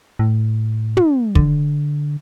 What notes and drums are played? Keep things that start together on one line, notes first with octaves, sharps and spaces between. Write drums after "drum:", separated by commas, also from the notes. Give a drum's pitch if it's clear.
A2
drum: tom
D3, drum: kick